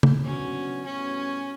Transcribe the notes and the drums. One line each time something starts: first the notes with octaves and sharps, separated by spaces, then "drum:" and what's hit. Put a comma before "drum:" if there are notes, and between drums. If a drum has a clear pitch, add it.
drum: tom
F#3 B3 C#4 D4 F#4
A2 G3 B3 C#4 F#4